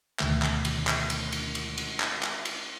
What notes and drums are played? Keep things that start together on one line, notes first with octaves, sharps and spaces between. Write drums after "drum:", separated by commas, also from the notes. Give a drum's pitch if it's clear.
D2 B2 D3 D#3 A3, drum: clap
drum: clap
drum: cymbal
drum: clap
drum: cymbal
drum: cymbal
drum: cymbal
drum: cymbal
drum: clap
drum: clap
drum: cymbal